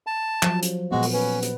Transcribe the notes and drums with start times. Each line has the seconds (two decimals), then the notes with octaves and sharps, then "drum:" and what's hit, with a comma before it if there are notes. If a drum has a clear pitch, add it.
0.07 A5
0.43 F3 F#3, drum: clap
0.63 drum: hi-hat
0.92 A#2 G#3 B3 F#4
1.03 drum: open hi-hat
1.13 C#4 B4
1.43 drum: hi-hat